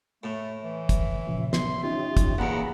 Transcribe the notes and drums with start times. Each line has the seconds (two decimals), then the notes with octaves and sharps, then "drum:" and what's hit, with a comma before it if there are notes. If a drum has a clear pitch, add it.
0.24 A2 A3
0.63 E3 E5
0.89 drum: kick, hi-hat
1.27 A#2 C#3 F3
1.53 B3 C6, drum: snare
1.83 C#4 D#4 F4 G4
2.17 drum: kick, hi-hat
2.38 A#1 E2 F#5 A#5 B5